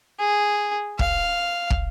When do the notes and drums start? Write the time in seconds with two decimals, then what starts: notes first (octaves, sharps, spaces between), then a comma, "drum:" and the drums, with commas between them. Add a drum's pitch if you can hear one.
0.20 G#4
0.99 F5, drum: kick
1.70 drum: kick